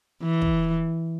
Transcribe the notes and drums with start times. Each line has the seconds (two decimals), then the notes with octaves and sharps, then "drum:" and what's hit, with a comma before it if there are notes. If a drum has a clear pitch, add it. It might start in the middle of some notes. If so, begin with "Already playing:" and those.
0.23 E3
0.42 drum: kick